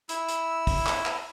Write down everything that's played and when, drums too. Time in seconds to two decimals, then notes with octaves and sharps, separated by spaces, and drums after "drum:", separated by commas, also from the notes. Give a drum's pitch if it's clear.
0.09 E4 E6, drum: hi-hat
0.28 drum: hi-hat
0.67 drum: kick, open hi-hat
0.86 drum: clap
1.06 drum: clap